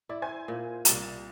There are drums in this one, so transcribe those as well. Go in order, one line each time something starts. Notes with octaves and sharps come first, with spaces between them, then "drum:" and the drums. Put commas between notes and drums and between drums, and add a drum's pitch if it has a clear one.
E4 D5
C5 G#5 G#6
A#2
C2 A6 E7, drum: hi-hat